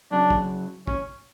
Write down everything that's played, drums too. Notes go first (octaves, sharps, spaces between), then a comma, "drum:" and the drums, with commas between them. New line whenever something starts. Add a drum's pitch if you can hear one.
F#2 C#3 F#3 D4
drum: kick
C#4, drum: kick